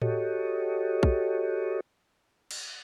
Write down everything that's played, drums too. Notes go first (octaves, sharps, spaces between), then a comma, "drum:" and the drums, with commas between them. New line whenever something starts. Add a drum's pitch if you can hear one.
F#4 G4 A4 C#5 D#5, drum: tom A2
drum: kick
drum: cymbal